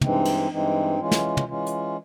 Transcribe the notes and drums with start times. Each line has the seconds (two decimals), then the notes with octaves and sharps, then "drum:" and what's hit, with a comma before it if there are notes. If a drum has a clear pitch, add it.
0.01 G2 E3 G#3 C4 D#4, drum: tom
0.25 drum: cymbal
0.50 G2 E3 G#3 C4 D#4
0.99 E3 G#3 C#4 F4
1.12 drum: snare
1.37 drum: tom
1.48 E3 G#3 C#4 F4
1.66 drum: hi-hat